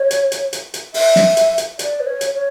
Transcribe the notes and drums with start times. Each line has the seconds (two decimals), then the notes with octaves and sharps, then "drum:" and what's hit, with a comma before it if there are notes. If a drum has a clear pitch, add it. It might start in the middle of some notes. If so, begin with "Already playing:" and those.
Already playing: C#5
0.11 drum: hi-hat
0.32 drum: hi-hat
0.53 drum: hi-hat
0.74 drum: hi-hat
0.94 E5, drum: open hi-hat
1.16 drum: snare
1.37 drum: hi-hat
1.58 drum: hi-hat
1.79 D5, drum: hi-hat
2.00 B4
2.07 C#5
2.21 drum: hi-hat
2.35 C#5